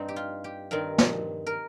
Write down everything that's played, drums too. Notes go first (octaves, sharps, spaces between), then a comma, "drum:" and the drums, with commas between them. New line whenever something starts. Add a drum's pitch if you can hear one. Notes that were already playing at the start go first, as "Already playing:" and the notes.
Already playing: G2 C4 D#4
G4
F4
G4
G2 D#3 C4 A#4
drum: snare
A#4